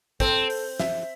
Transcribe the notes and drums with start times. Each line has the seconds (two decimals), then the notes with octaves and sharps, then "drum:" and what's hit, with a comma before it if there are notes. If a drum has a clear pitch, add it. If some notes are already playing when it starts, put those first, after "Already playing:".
0.20 C4 A4, drum: kick, hi-hat
0.50 drum: open hi-hat
0.80 E5, drum: snare